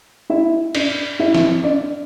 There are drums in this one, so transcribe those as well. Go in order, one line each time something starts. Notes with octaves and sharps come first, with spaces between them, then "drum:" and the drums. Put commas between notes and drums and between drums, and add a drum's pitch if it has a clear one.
E4 E5
D4 D5, drum: cymbal
E4 E5
drum: snare
D4 D5